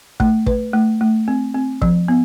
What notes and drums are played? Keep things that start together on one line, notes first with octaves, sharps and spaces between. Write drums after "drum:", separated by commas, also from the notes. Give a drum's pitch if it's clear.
A3, drum: kick
B4, drum: kick
A3
A3
C4
C4
F3, drum: kick
B3